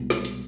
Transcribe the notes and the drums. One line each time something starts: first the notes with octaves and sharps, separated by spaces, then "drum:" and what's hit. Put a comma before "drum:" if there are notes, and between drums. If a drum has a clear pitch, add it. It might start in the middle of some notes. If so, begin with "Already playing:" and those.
Already playing: C2 B2 G#3
drum: snare
drum: hi-hat